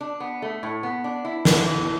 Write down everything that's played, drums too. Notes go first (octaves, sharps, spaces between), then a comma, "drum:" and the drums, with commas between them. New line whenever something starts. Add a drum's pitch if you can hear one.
D4
B3
A3
A2
B3
D4
E4
D3, drum: snare
E3